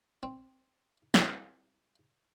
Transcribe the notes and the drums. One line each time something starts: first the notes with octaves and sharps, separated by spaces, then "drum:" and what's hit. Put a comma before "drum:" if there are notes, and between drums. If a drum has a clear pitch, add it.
C4
C2, drum: snare